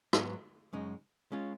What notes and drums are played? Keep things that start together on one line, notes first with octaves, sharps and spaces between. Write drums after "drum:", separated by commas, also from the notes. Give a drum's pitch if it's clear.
G#2 F#3 B3, drum: rim click
F#2 C#3 G#3 D#4
G#3 C#4 F4